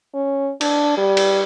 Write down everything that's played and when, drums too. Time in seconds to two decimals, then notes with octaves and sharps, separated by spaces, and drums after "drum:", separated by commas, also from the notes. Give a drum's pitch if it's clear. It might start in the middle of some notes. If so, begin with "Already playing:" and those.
0.14 C#4
0.61 D4, drum: cymbal
0.97 G3
1.17 drum: cymbal